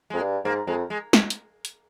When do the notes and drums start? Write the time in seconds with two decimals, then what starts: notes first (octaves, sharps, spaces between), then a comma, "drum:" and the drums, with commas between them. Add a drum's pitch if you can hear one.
0.10 F2 G#3
0.22 G2
0.45 G#2 A#3
0.67 F2 G#3
0.90 G#3
1.13 drum: snare
1.30 drum: hi-hat
1.65 drum: hi-hat